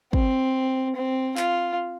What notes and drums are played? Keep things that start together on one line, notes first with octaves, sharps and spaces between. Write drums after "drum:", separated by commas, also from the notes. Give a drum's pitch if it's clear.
C4, drum: kick
C4
F4, drum: clap